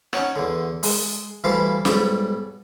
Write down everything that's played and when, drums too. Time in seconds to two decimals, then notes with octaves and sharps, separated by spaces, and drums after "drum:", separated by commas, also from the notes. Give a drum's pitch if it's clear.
0.13 C#4 D#4 C#5 F#5, drum: rim click
0.36 E2 D3
0.83 G#3, drum: open hi-hat
1.44 D2 E3 G3 C5 F5 A5
1.85 B1 G#2 G3 D5 D#6, drum: snare